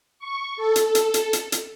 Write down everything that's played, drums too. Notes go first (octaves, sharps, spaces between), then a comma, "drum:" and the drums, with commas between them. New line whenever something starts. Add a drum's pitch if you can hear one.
C#6
A4
drum: hi-hat
drum: hi-hat
drum: hi-hat
drum: hi-hat
drum: hi-hat